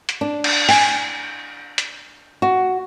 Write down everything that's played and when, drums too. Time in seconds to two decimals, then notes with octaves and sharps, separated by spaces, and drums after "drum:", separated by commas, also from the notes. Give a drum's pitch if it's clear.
0.09 drum: hi-hat
0.21 D4
0.44 drum: cymbal
0.69 G#5, drum: open hi-hat
1.78 drum: hi-hat
2.42 F#4